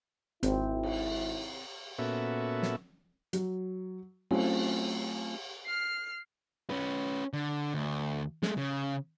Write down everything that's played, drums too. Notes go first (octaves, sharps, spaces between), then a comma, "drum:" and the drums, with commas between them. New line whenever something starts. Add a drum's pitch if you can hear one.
G#1 C4 E4, drum: hi-hat
drum: cymbal
A#2 B3 C#4 F#4 A4 E5
drum: snare
F#3, drum: hi-hat
F#3 A3 C4 C#4 E4 F4, drum: cymbal
F6 C7
C#4 B4
D3
D2
G#3 A3, drum: snare
C#3